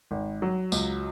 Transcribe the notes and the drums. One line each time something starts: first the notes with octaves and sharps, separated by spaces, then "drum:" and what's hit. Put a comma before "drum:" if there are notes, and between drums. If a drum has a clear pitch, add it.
G#1
F#3
C#2, drum: tambourine